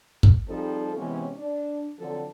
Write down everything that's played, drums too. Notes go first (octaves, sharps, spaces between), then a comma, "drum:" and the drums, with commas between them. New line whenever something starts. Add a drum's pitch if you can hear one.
drum: kick
F3 G3 C4 D#4 G#4 A4
C3 E3 G#3 B3 C#4
D4
D3 F3 F#3 C4 A4